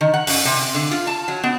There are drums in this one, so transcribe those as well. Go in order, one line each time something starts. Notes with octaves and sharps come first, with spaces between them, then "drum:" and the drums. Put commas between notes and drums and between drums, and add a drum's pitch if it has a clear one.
D#3
F#5
F#2, drum: open hi-hat
C3
D3
F4
A5
F#3
B3